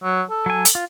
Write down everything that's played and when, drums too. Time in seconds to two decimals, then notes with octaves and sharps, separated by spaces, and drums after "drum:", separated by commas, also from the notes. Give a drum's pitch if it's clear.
0.03 F#3
0.30 A4
0.46 F#3 G#5
0.65 drum: hi-hat
0.75 F4